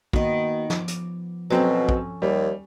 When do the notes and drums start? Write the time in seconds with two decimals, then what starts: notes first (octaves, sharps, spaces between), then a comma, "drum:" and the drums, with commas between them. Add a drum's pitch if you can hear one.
0.13 D#3 A#3 B3 D#4 F#4, drum: kick
0.70 F3 D6, drum: snare
0.88 drum: hi-hat
1.50 B2 F#3 C4 C#4 A4 D6
1.89 drum: kick
2.22 D#2 G3